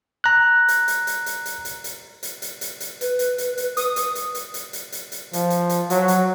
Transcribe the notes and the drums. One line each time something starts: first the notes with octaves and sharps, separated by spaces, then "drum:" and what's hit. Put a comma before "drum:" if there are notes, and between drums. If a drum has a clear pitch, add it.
A#5 F#6
drum: hi-hat
drum: hi-hat
drum: hi-hat
drum: hi-hat
drum: hi-hat
drum: hi-hat
drum: hi-hat
drum: hi-hat
drum: hi-hat
drum: hi-hat
drum: hi-hat
B4, drum: hi-hat
drum: hi-hat
drum: hi-hat
drum: hi-hat
D#6, drum: hi-hat
drum: hi-hat
drum: hi-hat
drum: hi-hat
drum: hi-hat
drum: hi-hat
drum: hi-hat
drum: hi-hat
F3, drum: hi-hat
drum: hi-hat
drum: hi-hat
F#3, drum: hi-hat
drum: hi-hat